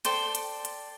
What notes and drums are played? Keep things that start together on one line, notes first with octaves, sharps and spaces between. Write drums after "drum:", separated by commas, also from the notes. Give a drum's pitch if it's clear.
A4 C5 D5 G5, drum: hi-hat
drum: hi-hat
drum: hi-hat